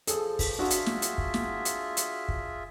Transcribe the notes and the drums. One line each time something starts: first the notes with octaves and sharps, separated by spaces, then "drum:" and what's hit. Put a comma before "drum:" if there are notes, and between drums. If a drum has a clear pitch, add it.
F3 G#4 A4, drum: hi-hat
drum: kick, open hi-hat
D4 F4 F#4 G#4 E5
drum: hi-hat
drum: snare
drum: hi-hat
drum: kick
drum: snare
drum: hi-hat
drum: hi-hat
drum: kick